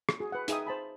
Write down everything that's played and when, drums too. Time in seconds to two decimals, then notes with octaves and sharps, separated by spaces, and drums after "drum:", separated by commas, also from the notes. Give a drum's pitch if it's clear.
0.09 drum: rim click
0.20 F#4 G#4
0.32 B4 F#5
0.48 D#4 G#4 E5 G5 D#6, drum: hi-hat
0.67 C5 A5 B5